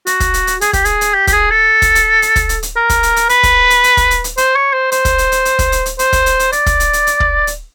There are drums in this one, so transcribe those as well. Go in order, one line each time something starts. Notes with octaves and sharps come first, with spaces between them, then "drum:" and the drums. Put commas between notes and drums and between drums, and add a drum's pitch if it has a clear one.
F#4, drum: hi-hat
drum: kick, hi-hat
drum: hi-hat
drum: hi-hat
G#4, drum: hi-hat
G4, drum: kick, hi-hat
G#4, drum: hi-hat
drum: hi-hat
G4
G4, drum: kick, hi-hat
G#4
A4
drum: kick, hi-hat
drum: hi-hat
drum: hi-hat
drum: kick, hi-hat
drum: hi-hat
drum: hi-hat
A#4
drum: kick, hi-hat
drum: hi-hat
drum: hi-hat
B4, drum: hi-hat
drum: kick, hi-hat
drum: hi-hat
drum: hi-hat
drum: kick, hi-hat
drum: hi-hat
drum: hi-hat
C5, drum: hi-hat
C#5
C5
C5, drum: hi-hat
drum: kick, hi-hat
drum: hi-hat
drum: hi-hat
drum: hi-hat
drum: kick, hi-hat
drum: hi-hat
drum: hi-hat
C5, drum: hi-hat
drum: kick, hi-hat
drum: hi-hat
drum: hi-hat
D5, drum: hi-hat
drum: kick, hi-hat
drum: hi-hat
drum: hi-hat
drum: hi-hat
drum: kick
drum: hi-hat